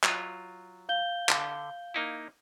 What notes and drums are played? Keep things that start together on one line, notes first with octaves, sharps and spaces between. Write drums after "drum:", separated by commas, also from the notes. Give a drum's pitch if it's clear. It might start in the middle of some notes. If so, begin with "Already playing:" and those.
F#3 F4, drum: clap
F5 G6 G7
D3, drum: clap
A#3 D#4 E4